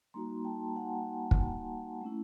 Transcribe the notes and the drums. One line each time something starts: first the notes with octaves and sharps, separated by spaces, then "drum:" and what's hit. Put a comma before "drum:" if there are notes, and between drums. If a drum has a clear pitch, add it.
G3 A#3 D#4 F#4 A#5 C6
G5 A5
F#5 G#5
drum: kick
A3 C#4 E4